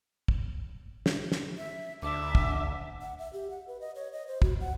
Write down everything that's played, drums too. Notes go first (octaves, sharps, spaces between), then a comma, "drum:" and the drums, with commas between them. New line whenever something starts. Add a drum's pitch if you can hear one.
drum: kick
drum: snare
drum: snare
E5
D2 D4 E5 D6
drum: kick
F#5
E5
G4
F#5
B4
D#5
C#5
D#5
C5
F#4, drum: kick
F#5